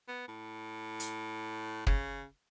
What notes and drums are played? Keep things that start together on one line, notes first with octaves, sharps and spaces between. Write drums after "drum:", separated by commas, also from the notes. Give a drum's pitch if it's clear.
B3
A2
drum: hi-hat
C#3, drum: kick